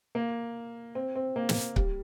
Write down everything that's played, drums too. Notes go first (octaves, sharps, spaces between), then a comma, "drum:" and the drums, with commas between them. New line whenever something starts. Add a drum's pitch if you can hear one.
A#3
C4
C4
A#3
drum: snare
G3, drum: kick C#1